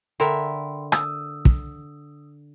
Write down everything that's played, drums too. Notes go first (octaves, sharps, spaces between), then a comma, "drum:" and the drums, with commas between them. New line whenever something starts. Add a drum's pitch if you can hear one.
D3 A#4 E5 G5 B5 C6
D#6 E6, drum: rim click
drum: kick